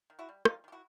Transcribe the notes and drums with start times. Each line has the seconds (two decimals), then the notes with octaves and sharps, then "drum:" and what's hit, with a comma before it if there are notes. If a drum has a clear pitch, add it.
0.10 D#3
0.19 E4 F#4
0.29 G3
0.45 G3 D#4 F4, drum: rim click
0.64 D#3 G4
0.72 E4 F#4